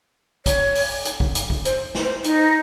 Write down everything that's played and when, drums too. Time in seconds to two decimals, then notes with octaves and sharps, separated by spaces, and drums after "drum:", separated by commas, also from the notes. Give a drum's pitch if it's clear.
0.46 C#5, drum: kick, hi-hat
0.75 drum: open hi-hat
1.05 drum: hi-hat
1.20 drum: kick
1.35 drum: hi-hat
1.50 drum: kick
1.65 C5, drum: hi-hat
1.95 drum: snare
2.04 C5
2.24 D#4, drum: hi-hat